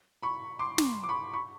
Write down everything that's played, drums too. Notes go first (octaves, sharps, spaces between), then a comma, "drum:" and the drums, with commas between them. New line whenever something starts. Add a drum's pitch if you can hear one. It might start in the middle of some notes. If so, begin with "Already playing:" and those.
B5 C#6
C6 D6
drum: snare
D6
B5 C#6
B5 C#6